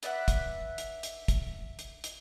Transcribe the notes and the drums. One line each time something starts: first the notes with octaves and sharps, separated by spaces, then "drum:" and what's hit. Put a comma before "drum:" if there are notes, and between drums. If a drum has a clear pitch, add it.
B4 D5 E5 F#5, drum: hi-hat
drum: kick, hi-hat
drum: hi-hat
drum: hi-hat
drum: kick, hi-hat
drum: hi-hat
drum: hi-hat